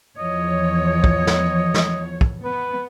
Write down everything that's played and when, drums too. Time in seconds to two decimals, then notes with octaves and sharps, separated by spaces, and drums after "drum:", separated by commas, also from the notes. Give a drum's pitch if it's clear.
0.18 E2 F3 C#5 D#5
1.04 drum: kick
1.27 drum: snare
1.74 drum: snare
2.21 drum: kick
2.44 B3 B4